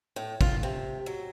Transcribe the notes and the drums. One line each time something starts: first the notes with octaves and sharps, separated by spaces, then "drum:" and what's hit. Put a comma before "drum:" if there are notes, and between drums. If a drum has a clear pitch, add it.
A2
F4, drum: kick
C3
F#3